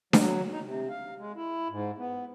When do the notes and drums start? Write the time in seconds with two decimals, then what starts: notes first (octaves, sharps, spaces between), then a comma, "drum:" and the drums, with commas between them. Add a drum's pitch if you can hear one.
0.13 F#3, drum: snare D4
0.51 D#4
0.64 C3
0.90 F5
1.18 G#3
1.36 E4
1.70 G#2
1.98 B3